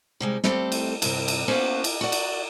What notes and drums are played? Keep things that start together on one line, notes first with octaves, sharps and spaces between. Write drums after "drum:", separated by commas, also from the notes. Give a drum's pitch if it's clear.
C3 G3 G#3
G3 A3 C4 G4 A4, drum: snare
drum: cymbal
G2 C3, drum: cymbal
drum: cymbal
A#3 B3 C#4 F#4 C5 F5
drum: cymbal
F#4 D5
drum: cymbal